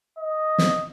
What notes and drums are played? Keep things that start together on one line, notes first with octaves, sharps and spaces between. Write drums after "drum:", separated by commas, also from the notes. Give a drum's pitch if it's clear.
D#5
drum: snare